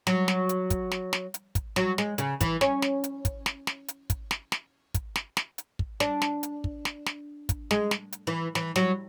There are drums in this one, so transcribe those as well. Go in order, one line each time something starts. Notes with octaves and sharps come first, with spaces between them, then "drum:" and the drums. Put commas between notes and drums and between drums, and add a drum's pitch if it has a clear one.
F#3, drum: snare
drum: snare
drum: hi-hat
drum: kick, hi-hat
drum: snare
drum: snare
drum: hi-hat
drum: kick, hi-hat
F#3, drum: snare
G#3, drum: snare
C#3, drum: hi-hat
E3, drum: kick, hi-hat
C#4, drum: snare
drum: snare
drum: hi-hat
drum: kick, hi-hat
drum: snare
drum: snare
drum: hi-hat
drum: kick, hi-hat
drum: snare
drum: snare
drum: kick, hi-hat
drum: snare
drum: snare
drum: hi-hat
drum: kick
D4, drum: snare
drum: snare
drum: hi-hat
drum: kick
drum: snare
drum: snare
drum: kick, hi-hat
G#3, drum: snare
drum: snare
drum: hi-hat
E3
E3, drum: snare
F#3, drum: snare